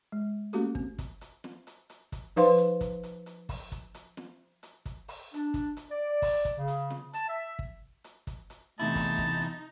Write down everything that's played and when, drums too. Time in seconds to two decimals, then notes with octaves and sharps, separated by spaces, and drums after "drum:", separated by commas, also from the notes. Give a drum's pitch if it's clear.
0.12 G#3
0.53 A3 A#3 C#4 F#4 G4 A4, drum: hi-hat
0.75 C4, drum: kick
0.98 drum: kick, hi-hat
1.21 drum: hi-hat
1.44 drum: snare
1.67 drum: hi-hat
1.90 drum: hi-hat
2.12 drum: kick, hi-hat
2.36 F3 D#4 B4 C5 F5 C6, drum: open hi-hat
2.58 drum: hi-hat
2.81 drum: kick, hi-hat
3.03 drum: hi-hat
3.26 drum: hi-hat
3.49 drum: kick, open hi-hat
3.72 drum: kick, hi-hat
3.94 drum: hi-hat
4.17 drum: snare
4.63 drum: hi-hat
4.86 drum: kick, hi-hat
5.08 drum: open hi-hat
5.34 D4, drum: hi-hat
5.54 drum: kick, hi-hat
5.77 drum: hi-hat
5.90 D5
6.22 drum: kick, open hi-hat
6.45 drum: kick, hi-hat
6.56 C#3
6.68 drum: hi-hat
6.90 drum: snare
7.13 A5, drum: hi-hat
7.28 E5
7.59 drum: kick
8.04 drum: hi-hat
8.27 drum: kick, hi-hat
8.50 drum: hi-hat
8.80 E2 C3 A3 D#4 E4 A5
8.95 drum: kick, open hi-hat
9.18 drum: kick, hi-hat
9.41 drum: hi-hat